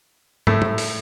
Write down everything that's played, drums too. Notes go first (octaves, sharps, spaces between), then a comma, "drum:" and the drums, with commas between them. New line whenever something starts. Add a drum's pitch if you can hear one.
A2 A3, drum: tom
drum: tom
drum: open hi-hat